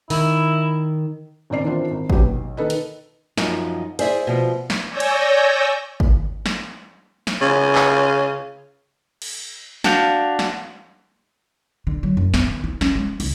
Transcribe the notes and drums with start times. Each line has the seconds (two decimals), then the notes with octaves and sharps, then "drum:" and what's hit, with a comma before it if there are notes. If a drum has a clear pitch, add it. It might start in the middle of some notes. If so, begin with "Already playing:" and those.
0.10 D#3 E4, drum: open hi-hat
1.50 G#1 C#2 D5 C7
1.64 D#3 E3 C4 D4 F4
1.91 G#1
2.10 F#3 C#4 G4 B4, drum: kick G#1
2.22 B1
2.57 D#3 A4 B4 D#5
2.70 drum: hi-hat
3.37 F#2 F3 D#4, drum: snare
3.99 E4 G#4 C5 D5 E5, drum: cymbal
4.27 B2 F3
4.70 drum: snare
4.88 C#5 D5 G#5 E6 G6 A#6
5.00 drum: cymbal
6.00 drum: kick G#1
6.46 drum: snare
7.27 drum: snare
7.41 C#3
7.75 drum: clap
9.22 drum: cymbal
9.84 D4 F#4 F5 G6, drum: snare
10.39 drum: snare
11.87 D3
12.03 F#3
12.17 F#2
12.34 B3, drum: snare
12.47 D#3
12.64 F4
12.81 C#4, drum: snare
12.95 G#3
13.20 C#2, drum: cymbal